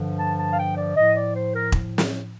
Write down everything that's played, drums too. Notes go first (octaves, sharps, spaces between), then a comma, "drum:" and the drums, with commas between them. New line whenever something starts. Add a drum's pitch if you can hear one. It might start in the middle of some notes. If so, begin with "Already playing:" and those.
Already playing: G2 D3 F3
A5
A5
F5
G5
D5
A2 F3 D#5
D5
C5
A#4
drum: kick E1
drum: snare